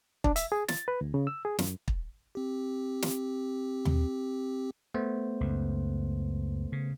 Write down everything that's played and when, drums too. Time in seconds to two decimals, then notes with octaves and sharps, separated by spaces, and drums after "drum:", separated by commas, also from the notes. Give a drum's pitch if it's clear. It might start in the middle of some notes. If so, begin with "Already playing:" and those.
0.24 D4, drum: kick
0.36 E5, drum: hi-hat
0.52 G#4
0.68 A6, drum: snare
0.88 B4
1.01 D2
1.14 C#3
1.27 E6
1.45 G#4
1.59 F#2, drum: snare
1.88 drum: kick
2.35 C4 G4
3.02 drum: snare
3.85 drum: tom D#2
4.94 A3 B3 C5
5.41 C#2 F#2
6.72 C#3